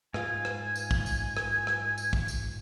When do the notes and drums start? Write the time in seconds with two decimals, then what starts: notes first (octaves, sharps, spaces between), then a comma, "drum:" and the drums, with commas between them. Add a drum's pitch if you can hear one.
0.14 G#2 F4 G#5, drum: rim click
0.45 drum: rim click
0.75 drum: tambourine
0.91 drum: kick
1.06 drum: tambourine
1.37 drum: rim click
1.67 drum: rim click
1.98 drum: tambourine
2.13 drum: kick
2.28 drum: tambourine